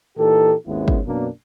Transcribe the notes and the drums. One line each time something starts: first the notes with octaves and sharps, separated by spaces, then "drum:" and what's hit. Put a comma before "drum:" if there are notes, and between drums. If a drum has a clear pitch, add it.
A#2 E3 D#4 G4 A4
G#1 D#2 G#3 B3 C#4 E4
drum: kick
F#2 B2 A#3 D4